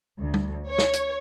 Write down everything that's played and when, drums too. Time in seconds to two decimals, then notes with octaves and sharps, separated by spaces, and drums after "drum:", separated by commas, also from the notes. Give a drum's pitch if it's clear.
0.19 D2
0.34 drum: tom G3
0.69 C#5
0.78 drum: snare
0.93 drum: hi-hat